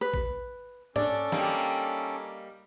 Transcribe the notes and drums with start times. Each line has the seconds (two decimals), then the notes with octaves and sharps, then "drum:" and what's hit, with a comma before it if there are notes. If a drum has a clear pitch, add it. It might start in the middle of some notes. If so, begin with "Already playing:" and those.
0.01 B4
0.14 drum: kick A1
0.96 C#4 D4 A4 D5 D6, drum: tom G#2
1.32 G3 A#3 D#4, drum: snare